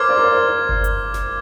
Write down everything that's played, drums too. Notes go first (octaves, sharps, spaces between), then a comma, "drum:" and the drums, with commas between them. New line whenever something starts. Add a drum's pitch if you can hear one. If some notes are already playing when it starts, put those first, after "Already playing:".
Already playing: A#4 C5 D6 F6 G#6
D5
A#4
C5
drum: kick G1
drum: hi-hat
drum: snare F1